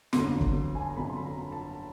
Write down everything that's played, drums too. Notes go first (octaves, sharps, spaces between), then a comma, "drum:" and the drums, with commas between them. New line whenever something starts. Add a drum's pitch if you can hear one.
G1 F2 D3 F#3 C6, drum: snare
drum: kick
G#5
A5
A#5
G1 F2 D3 F#3 B5
C6
B5
A#5
A5